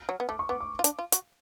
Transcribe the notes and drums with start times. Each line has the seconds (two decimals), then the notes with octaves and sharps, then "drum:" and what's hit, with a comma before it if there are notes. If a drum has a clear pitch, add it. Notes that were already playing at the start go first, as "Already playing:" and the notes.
Already playing: F6
0.09 F#3
0.20 B3
0.29 A3 D6
0.39 C#6
0.49 B3 D6
0.60 D6
0.79 F4
0.84 D4, drum: hi-hat
0.99 F4
1.12 F#4, drum: hi-hat